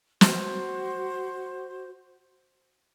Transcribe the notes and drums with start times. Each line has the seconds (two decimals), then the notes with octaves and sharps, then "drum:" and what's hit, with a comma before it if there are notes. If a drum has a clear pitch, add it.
0.21 F#4 C5, drum: snare